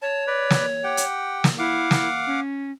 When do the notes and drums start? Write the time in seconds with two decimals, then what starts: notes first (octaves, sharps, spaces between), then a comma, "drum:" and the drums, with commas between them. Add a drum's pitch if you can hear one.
0.02 C#5 A5
0.27 B4 D5
0.51 drum: snare
0.84 G4 F#5 G5
0.97 drum: hi-hat
1.44 drum: snare
1.59 E4 F5 F#5 D6
1.91 drum: snare
2.27 C#4